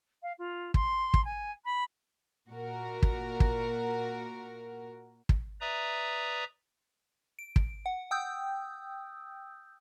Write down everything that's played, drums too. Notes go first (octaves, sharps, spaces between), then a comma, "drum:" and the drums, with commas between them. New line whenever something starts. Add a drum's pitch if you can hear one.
F5
F4
C6, drum: kick
drum: kick
G#5
B5
A#2 F#4 A#4
drum: kick
drum: kick
drum: kick
B4 D5 E5 A#5 D#6
D7
drum: kick
F#5
G5 D#6 E6 G6